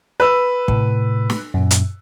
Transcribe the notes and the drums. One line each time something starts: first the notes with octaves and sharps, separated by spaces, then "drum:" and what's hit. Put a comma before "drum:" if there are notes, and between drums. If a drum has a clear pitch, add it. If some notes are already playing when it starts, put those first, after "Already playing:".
B4 E6
A2 C3, drum: kick
drum: snare
F#2 A#2
drum: hi-hat